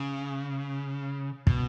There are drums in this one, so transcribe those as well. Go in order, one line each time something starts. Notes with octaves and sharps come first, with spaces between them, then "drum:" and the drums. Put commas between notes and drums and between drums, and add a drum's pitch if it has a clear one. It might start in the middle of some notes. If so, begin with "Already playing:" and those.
Already playing: C#3
B2, drum: kick